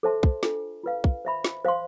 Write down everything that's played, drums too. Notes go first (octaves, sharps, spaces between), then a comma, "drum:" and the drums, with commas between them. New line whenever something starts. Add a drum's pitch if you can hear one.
A4 C5 E5 A5 C6
drum: kick
D4 F4 A4, drum: snare
F4 B4 F5
drum: kick
C5 E5 B5
drum: snare
C5 F5 C6